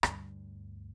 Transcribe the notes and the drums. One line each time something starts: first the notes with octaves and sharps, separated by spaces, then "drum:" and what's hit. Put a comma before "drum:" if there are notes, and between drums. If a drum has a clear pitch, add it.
D2 G2, drum: rim click